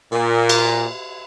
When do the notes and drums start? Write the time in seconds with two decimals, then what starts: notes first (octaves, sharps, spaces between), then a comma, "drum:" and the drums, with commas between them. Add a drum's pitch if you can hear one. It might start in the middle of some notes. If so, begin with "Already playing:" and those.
0.12 A#2
0.49 drum: cymbal